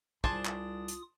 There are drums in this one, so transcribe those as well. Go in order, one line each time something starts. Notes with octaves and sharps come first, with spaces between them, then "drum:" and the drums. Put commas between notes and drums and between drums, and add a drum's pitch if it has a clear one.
C2 D4 F4 G#4 C5 A5 D#6, drum: kick
drum: clap
drum: hi-hat